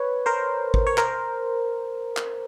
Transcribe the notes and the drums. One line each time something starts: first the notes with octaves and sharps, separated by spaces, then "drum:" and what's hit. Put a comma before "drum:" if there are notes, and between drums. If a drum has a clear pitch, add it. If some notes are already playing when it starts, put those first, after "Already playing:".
Already playing: B4 C#5
A#4 C5
drum: kick G#1
C#5
A#4 C5, drum: clap
drum: clap